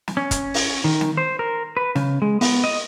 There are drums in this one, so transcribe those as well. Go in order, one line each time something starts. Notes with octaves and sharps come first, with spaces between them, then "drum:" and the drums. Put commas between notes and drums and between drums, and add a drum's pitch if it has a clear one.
drum: snare
C#4
drum: kick, hi-hat
drum: open hi-hat
D#3
drum: snare
C5
A#4
B4
C#3, drum: snare
G#3
B3, drum: open hi-hat
D#5